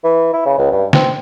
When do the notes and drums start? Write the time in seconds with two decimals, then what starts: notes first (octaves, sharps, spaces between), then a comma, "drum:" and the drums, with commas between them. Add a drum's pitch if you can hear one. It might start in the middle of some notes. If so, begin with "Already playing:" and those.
0.04 E3
0.33 E4
0.46 C#3
0.58 C#2
0.71 G2
0.93 C4, drum: snare